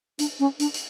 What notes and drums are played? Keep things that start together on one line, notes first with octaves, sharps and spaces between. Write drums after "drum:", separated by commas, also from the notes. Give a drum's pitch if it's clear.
D4, drum: hi-hat
C#4
D4, drum: hi-hat
drum: hi-hat